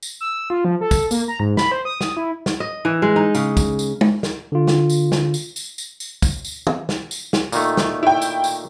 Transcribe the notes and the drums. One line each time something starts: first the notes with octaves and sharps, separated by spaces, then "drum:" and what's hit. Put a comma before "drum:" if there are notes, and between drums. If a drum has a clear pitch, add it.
drum: tambourine
E6
F4
F3
A4
drum: kick, tambourine
A#3, drum: tambourine
A#5
G#2
B5, drum: snare
C5
D#6
D#6, drum: snare
E4
drum: snare
D#5
E3
G#3
D#4
C#3, drum: tambourine
drum: kick, tambourine
drum: tambourine
drum: tom
drum: snare
D3 F4
drum: snare
drum: tambourine
drum: snare
drum: tambourine
drum: tambourine
drum: tambourine
drum: tambourine
drum: kick, tambourine
drum: tambourine
drum: tom
drum: snare
drum: tambourine
drum: snare
A#2 D#3 A3, drum: tambourine
drum: snare
E4 G5
drum: tambourine
drum: tambourine